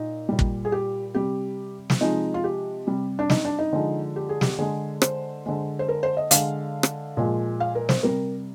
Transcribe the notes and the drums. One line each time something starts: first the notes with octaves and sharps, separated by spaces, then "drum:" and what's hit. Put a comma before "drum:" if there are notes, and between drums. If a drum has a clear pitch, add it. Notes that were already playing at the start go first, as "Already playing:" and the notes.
Already playing: A#2 D#4
A#2 G3
drum: kick
G#4
G4
C3 G3 G4
drum: snare
C3 F3 G#3 D#4
F4
G4
C3 G3
D4
D#4, drum: snare
D4
D#4
D3 F3 G#3
G4
G#4
G4, drum: snare
D3 G#3 G#4
C5, drum: rim click
D3 G#3
C5
A#4
C5
D#5
D3 G#3 F5, drum: hi-hat
drum: rim click
A#2 F3 G#3
F5
A#4
C5, drum: snare
C3 G3 A#4